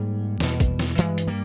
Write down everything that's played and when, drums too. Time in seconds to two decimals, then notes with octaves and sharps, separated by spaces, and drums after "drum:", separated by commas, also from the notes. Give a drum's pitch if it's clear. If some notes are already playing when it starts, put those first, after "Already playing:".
Already playing: G#2 G3 A#3
0.40 E2 B2, drum: snare
0.60 drum: kick, hi-hat
0.79 drum: snare
0.98 G2 E3 G#3, drum: hi-hat
1.18 drum: hi-hat
1.27 G3 A#3